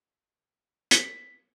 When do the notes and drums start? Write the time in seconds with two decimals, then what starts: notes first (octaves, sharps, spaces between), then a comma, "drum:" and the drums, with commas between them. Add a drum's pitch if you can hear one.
0.91 B6, drum: hi-hat